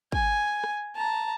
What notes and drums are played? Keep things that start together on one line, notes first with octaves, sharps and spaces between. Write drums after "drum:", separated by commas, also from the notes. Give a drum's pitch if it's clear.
G#5, drum: kick
drum: rim click
A5 A#5